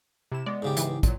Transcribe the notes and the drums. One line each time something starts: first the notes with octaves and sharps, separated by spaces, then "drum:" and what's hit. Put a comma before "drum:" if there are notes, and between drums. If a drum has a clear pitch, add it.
C3 E4 E7
G#3 B3 D5
G#2 C#3 G4
E3, drum: hi-hat
A#2 F#3, drum: kick, hi-hat